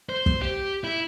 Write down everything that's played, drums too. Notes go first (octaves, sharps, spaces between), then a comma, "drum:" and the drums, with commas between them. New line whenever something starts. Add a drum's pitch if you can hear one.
C5
drum: kick
G4
E4